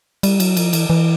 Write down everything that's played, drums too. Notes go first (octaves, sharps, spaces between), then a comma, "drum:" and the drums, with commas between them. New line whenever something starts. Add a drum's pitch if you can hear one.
G3, drum: cymbal
F#3, drum: cymbal
F3, drum: cymbal
E3, drum: cymbal
E3